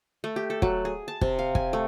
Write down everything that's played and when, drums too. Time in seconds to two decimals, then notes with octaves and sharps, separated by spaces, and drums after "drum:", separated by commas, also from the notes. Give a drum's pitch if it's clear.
0.24 A3
0.36 G4
0.50 A4
0.62 F#3, drum: kick
0.85 G#4
1.08 A5
1.21 C3, drum: kick
1.39 F5
1.55 G#5, drum: kick
1.73 A3